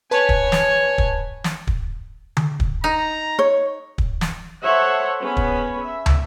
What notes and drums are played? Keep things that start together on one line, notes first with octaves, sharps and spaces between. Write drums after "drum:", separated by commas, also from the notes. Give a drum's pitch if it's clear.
B4 C#5 G#5 A5
drum: kick
drum: snare
drum: kick
drum: snare
drum: kick
drum: tom D3
drum: kick
D#4 A#5
C#5
drum: kick
drum: snare
A4 C5 C#5 E5 F#5
B3 C#4 G#4 C#5 B5
drum: kick
E5
drum: tom